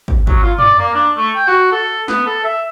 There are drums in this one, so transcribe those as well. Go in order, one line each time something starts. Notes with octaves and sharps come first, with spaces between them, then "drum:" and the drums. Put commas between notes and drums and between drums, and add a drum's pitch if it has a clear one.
drum: kick
F#3, drum: kick
F4
D5, drum: tom
A#3
D4
A3
G5
F#4
A4
B3, drum: snare
A4
E5